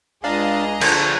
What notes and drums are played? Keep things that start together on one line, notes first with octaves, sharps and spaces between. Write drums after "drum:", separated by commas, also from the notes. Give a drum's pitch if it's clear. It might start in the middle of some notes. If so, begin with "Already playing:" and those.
C#2 D4 G#4 D5 D#5 F5 A#5
D3 F3 C5 C#5 A5, drum: cymbal